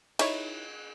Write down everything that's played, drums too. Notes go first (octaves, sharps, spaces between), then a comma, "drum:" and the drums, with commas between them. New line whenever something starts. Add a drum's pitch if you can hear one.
D#4 E4 C#5, drum: cymbal